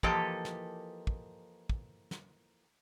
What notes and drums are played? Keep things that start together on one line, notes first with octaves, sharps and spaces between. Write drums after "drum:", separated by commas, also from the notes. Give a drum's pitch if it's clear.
E3 F3 A#3 G4 A4 D#5, drum: kick
drum: snare
drum: kick
drum: kick
drum: snare